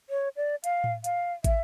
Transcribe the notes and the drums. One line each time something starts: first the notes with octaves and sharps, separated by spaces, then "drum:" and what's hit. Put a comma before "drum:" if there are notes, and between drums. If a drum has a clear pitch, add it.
C#5
D5
F5, drum: hi-hat
drum: tom A2
F5, drum: hi-hat
E5, drum: kick, hi-hat